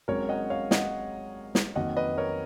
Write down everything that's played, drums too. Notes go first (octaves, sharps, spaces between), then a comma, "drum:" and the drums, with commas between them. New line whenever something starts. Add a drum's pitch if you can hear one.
G#1 G#2 F#3 C#4 A#4 C#5
D#5 F#5
C#5 F5
D#5 F#5, drum: snare
drum: snare
F2 D#3 F#3 A#3 D#5 F#5
B4 D#5
A#4 C#5